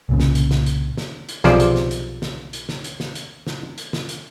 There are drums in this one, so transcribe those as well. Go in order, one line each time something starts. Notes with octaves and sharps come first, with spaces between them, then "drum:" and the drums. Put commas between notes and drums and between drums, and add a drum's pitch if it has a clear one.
C2 A#2 C#3
drum: snare
drum: hi-hat
drum: snare
drum: hi-hat
drum: snare
drum: hi-hat
B1 C3 F3 G#4 C5 D5, drum: snare
drum: hi-hat
drum: snare
drum: hi-hat
drum: snare
drum: hi-hat
drum: snare
drum: hi-hat
drum: snare
drum: hi-hat
drum: snare
drum: hi-hat
drum: snare
drum: hi-hat